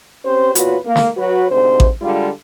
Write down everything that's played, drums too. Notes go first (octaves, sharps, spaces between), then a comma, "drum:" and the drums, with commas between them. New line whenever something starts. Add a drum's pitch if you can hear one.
C4 C#4 G4 C5
E2 A#2 F4 F#4 B4 C#5, drum: hi-hat
A#3
drum: snare
F#3 F#4 B4
D2 G#2 C3 C5
drum: kick A1
D3 G3 G#3 F4